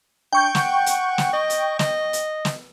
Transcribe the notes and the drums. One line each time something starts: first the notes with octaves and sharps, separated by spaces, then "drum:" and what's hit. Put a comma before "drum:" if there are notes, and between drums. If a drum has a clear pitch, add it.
D4 G5 C#6 G6
F#5, drum: snare
drum: hi-hat
drum: snare
D#5
drum: hi-hat
D#5, drum: snare
drum: hi-hat
drum: snare